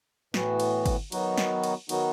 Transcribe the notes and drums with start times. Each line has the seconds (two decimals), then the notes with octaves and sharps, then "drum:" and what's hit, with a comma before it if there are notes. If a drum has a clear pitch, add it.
0.34 A2 E3 B3 F#4, drum: snare
0.60 drum: cymbal
0.86 drum: kick G1, cymbal
1.12 D#3 F#3 B3 D#4 F#4, drum: cymbal
1.38 drum: snare
1.64 drum: cymbal
1.89 D#3 F#3 B3 D#4 F#4, drum: cymbal